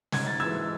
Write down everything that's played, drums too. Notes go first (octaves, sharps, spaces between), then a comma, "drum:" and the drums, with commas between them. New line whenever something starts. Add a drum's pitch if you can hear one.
G#2 G#6, drum: snare
A6
E3 G#3 E6 G#6